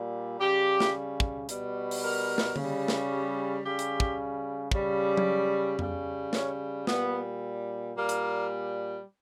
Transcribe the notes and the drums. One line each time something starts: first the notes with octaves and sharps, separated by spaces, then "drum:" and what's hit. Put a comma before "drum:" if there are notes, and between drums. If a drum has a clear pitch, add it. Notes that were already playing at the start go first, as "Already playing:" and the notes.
Already playing: A#2 G3
C#3 G3 G4
drum: snare
drum: kick
B2 G3, drum: hi-hat
drum: open hi-hat
A#4
drum: snare
C#3 G3, drum: tom D3
drum: snare
C#3 G3 G4
drum: hi-hat
drum: kick
C#3 G3, drum: kick
drum: tom F#3
C#3 G3, drum: tom F2
C#4, drum: snare
A#2 G3 B3, drum: snare
A#2 G3 A#3
drum: hi-hat